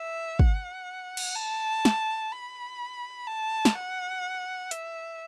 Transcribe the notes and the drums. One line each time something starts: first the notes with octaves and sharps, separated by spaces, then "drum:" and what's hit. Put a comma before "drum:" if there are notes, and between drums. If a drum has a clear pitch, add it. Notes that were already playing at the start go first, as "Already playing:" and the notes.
Already playing: E5
F#5, drum: kick
drum: cymbal
A5
drum: snare
B5
A5
drum: snare
F#5
E5, drum: hi-hat